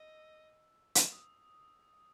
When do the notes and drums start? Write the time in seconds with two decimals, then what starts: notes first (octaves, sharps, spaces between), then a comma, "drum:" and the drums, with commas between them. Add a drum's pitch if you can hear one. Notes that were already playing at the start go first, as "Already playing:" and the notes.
Already playing: D#5 E6
0.95 drum: hi-hat
1.12 D#6